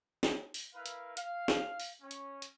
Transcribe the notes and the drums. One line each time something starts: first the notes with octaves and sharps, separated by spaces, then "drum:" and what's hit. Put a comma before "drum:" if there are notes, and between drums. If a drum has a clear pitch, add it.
drum: snare
drum: open hi-hat
E4 A#4 B4 F5
drum: hi-hat
F5, drum: hi-hat
drum: snare
drum: open hi-hat
C#4
drum: hi-hat
drum: hi-hat